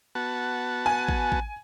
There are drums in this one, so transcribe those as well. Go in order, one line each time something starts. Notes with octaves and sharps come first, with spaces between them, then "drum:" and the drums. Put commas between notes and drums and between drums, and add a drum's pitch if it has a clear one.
B3 F#4 A5
G#5
drum: kick A1
drum: kick A1